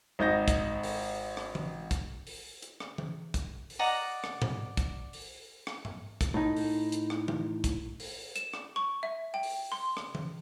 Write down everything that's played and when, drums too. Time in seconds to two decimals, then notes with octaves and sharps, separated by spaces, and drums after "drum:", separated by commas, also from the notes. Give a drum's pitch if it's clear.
0.19 G#1 D#4 G6 A#6
0.48 drum: kick, hi-hat
0.83 drum: open hi-hat
1.37 drum: rim click
1.55 drum: tom E3
1.91 drum: kick, hi-hat
2.27 drum: open hi-hat
2.63 drum: hi-hat
2.80 drum: rim click
2.98 drum: tom E3
3.34 drum: kick, hi-hat
3.70 drum: open hi-hat
3.79 D5 D#5 F#5 A#5
4.24 drum: rim click
4.42 drum: tom G#2
4.77 drum: kick, hi-hat
5.13 drum: open hi-hat
5.67 drum: rim click
5.85 drum: tom G#2
6.21 drum: kick, hi-hat
6.34 A2 D#4
6.56 drum: open hi-hat
6.92 drum: hi-hat
7.10 drum: rim click
7.28 drum: tom E3
7.64 drum: kick, hi-hat
8.00 drum: open hi-hat
8.36 E7, drum: hi-hat
8.53 drum: rim click
8.76 C#6
9.03 E5
9.34 G5
9.43 drum: open hi-hat
9.72 C6
9.97 drum: rim click
10.15 drum: tom E3